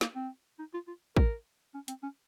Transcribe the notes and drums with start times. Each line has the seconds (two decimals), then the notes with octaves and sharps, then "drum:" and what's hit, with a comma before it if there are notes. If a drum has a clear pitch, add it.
0.01 A#3, drum: snare
0.15 C4
0.59 D#4
0.73 F4
0.87 F4
1.17 A#4, drum: kick
1.74 C#4
1.88 C4, drum: hi-hat
2.03 C#4